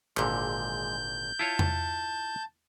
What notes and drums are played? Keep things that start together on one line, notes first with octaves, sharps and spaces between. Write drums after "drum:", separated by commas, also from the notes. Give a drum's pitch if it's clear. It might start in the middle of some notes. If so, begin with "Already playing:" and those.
G#1 A#2 D3 G#3 G6, drum: clap
E4 F4 C#5 A5
drum: tom E2